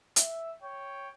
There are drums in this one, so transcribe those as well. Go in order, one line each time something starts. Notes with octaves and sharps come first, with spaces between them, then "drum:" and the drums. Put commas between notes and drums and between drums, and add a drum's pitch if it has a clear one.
E5, drum: hi-hat
C#5 G5